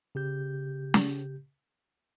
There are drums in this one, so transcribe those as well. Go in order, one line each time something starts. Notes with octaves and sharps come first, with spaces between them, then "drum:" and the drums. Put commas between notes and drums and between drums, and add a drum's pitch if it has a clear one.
C#3 G4 G6
drum: snare